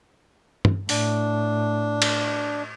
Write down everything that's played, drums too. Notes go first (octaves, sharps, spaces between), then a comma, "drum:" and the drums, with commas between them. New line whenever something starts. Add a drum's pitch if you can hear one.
drum: tom
A2 D4, drum: open hi-hat
drum: cymbal